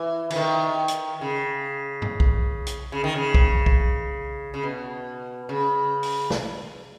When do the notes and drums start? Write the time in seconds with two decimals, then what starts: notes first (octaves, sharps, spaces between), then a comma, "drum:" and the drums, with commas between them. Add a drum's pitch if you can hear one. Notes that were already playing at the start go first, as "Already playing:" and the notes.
Already playing: E3
0.30 E3, drum: cymbal
0.36 D#3
0.88 drum: hi-hat
1.21 C#3
2.02 drum: tom G#2
2.20 drum: kick B1
2.67 drum: hi-hat
2.92 C#3
3.04 D#3
3.16 C#3
3.34 drum: kick B1
3.66 drum: kick B1
4.54 C#3
4.63 B2
5.49 C#3
6.03 drum: open hi-hat
6.30 drum: snare